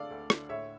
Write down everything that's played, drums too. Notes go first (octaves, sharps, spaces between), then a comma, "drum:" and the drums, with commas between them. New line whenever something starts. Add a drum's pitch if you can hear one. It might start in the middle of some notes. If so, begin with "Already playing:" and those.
Already playing: D3 A3 A4 D5 F5
D2
D3, drum: rim click
A2 C#5 E5